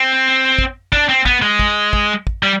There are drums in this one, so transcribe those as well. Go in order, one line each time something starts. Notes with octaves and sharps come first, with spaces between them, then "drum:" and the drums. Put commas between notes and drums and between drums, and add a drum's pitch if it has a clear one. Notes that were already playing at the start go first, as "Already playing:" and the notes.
Already playing: C4
drum: kick
D4, drum: kick
C4
B3, drum: kick
G#3
drum: kick
drum: kick
drum: kick
G3